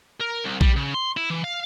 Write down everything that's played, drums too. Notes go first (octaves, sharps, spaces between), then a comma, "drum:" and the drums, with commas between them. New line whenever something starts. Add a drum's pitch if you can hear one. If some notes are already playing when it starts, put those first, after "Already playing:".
A#4
C2
G3, drum: kick A#1
C#3
C6
E4
E3
F5